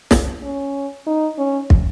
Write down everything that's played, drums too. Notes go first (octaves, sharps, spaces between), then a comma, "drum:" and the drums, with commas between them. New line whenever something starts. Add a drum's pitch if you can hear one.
drum: snare
C#4
D#4
C#4
drum: kick